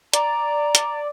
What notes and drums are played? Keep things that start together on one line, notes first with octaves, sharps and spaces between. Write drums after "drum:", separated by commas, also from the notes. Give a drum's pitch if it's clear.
D5 A#5, drum: hi-hat
drum: hi-hat